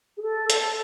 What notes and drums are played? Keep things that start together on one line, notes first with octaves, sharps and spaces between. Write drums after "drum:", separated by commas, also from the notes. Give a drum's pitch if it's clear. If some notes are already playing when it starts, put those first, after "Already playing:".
G#4
A4
A4, drum: hi-hat